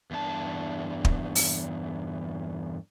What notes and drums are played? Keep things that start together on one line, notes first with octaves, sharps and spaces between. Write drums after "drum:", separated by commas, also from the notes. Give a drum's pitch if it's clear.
E2 G2 D#4 A5
drum: kick
drum: open hi-hat